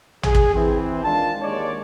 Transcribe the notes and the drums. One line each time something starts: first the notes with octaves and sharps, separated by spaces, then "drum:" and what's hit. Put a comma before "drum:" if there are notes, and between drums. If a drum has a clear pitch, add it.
G#4, drum: tom A1
drum: kick
E3 C4
D#3 G#3 D4 F4 A5
D#2 G#3 C#5 D5